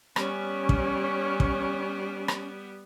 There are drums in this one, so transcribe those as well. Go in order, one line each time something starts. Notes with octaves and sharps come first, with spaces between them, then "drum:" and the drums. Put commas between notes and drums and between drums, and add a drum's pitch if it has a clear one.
G3 B3 C#4, drum: rim click
drum: kick
drum: kick
drum: rim click